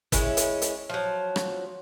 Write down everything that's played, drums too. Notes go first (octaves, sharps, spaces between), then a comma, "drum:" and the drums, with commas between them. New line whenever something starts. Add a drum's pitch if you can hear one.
G#3 C#4 E4, drum: kick, hi-hat
drum: hi-hat
drum: hi-hat
F3 F#3
drum: rim click